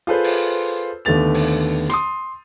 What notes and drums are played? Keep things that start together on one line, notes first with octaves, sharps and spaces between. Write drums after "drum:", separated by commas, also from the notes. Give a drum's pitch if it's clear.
F4 G#4 A4 B4 C5
drum: open hi-hat
D#2 D3 A3 B3 A6 F7
drum: open hi-hat
C6 D#6, drum: hi-hat